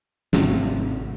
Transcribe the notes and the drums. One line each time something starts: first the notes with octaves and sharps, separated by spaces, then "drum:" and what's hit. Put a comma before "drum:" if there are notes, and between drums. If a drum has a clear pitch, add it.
G#1 C3 A3 C4, drum: snare